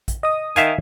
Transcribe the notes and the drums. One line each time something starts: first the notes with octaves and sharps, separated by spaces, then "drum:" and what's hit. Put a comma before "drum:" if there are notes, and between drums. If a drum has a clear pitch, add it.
drum: kick, hi-hat
D#5 D#6
D#3 E5 F5 G#5, drum: hi-hat